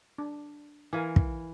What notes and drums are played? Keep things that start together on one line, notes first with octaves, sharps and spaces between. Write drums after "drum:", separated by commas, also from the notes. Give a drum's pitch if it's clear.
D4
E3 A#4 F5 G#5
drum: kick